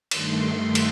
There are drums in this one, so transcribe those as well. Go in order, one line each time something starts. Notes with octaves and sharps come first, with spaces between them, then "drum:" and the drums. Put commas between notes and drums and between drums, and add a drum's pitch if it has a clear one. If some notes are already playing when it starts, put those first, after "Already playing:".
G2 D#3 A3 C6, drum: cymbal
drum: cymbal